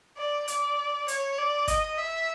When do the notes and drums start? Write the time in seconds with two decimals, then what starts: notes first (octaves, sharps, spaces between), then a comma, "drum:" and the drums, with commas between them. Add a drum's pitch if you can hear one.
0.17 D5
0.48 D5, drum: hi-hat
1.08 C#5, drum: hi-hat
1.38 D5
1.68 D#5, drum: kick, hi-hat
1.98 E5